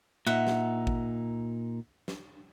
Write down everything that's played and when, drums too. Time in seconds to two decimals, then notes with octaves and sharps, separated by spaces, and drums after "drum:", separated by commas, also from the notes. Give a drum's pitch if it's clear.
0.27 A#2 D#4 E5 F#5
0.47 drum: snare
0.87 drum: kick G#1
2.08 drum: snare